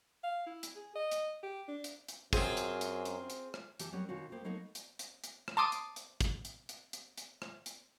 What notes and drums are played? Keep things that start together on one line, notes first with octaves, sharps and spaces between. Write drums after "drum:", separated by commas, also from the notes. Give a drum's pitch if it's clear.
F5
E4
drum: hi-hat
G#4
D#5
drum: hi-hat
G4
D4
drum: hi-hat
drum: hi-hat
F#2 C4 F4 G#4, drum: kick, hi-hat
drum: hi-hat
drum: hi-hat
drum: hi-hat
drum: hi-hat
drum: rim click
E3 G4 A5, drum: hi-hat
F#3 G3 B3 C#4 A#4
B2 D#3 C#4 F4 F#4
A#3 B3 C5 G5
F#3 A#3 B3 D#4 A4 A#4
drum: hi-hat
drum: hi-hat
drum: hi-hat
drum: rim click
A5 C6 D6 D#6
drum: hi-hat
drum: hi-hat
drum: kick, hi-hat
drum: hi-hat
drum: hi-hat
drum: hi-hat
drum: hi-hat
drum: rim click
drum: hi-hat